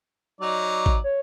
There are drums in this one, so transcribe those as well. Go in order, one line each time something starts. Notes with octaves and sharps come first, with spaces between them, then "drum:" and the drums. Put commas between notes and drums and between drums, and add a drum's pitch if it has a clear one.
F#3 D#4 D5
drum: kick A1
C#5